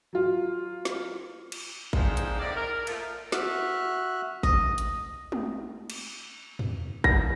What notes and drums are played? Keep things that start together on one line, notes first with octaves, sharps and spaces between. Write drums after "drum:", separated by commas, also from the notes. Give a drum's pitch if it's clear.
F#3 F4
drum: snare
drum: cymbal
F2 G#2 F3 G#3 D4 C5, drum: kick A1
drum: hi-hat
A2 D#3 C#4 D5
A#4
F3 A3 A#3, drum: cymbal
F#4 E5 F6 F#6, drum: snare
D#5, drum: kick A1
drum: hi-hat
drum: tom G#3
drum: cymbal
drum: tom E2
A#6, drum: kick A1